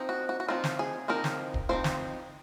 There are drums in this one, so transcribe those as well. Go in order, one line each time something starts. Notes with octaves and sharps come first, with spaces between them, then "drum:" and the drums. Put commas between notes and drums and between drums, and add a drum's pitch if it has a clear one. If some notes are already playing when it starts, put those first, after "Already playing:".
Already playing: F3 C4 D#4
F#4
F#4
F#4
F3 C4 D#4 F4
drum: snare
G#4
F3 C4 D#4 A#4
drum: snare
drum: kick D1
F3 C4 D#4 C5
drum: snare